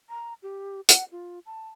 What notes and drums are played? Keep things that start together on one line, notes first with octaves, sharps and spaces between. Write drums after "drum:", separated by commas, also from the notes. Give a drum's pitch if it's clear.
A#5
G4
F#5, drum: hi-hat
F4
A5